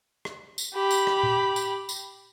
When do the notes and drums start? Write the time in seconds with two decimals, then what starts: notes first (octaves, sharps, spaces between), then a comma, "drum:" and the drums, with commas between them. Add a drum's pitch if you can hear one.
0.25 drum: rim click
0.58 drum: tambourine
0.74 G4 B5
0.91 drum: tambourine
1.07 drum: rim click
1.23 drum: tom A#2
1.56 drum: tambourine
1.89 drum: tambourine